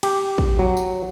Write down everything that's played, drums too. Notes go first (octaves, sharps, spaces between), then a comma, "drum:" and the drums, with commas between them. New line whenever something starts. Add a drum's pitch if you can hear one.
G4, drum: cymbal
drum: kick
F#3
drum: tambourine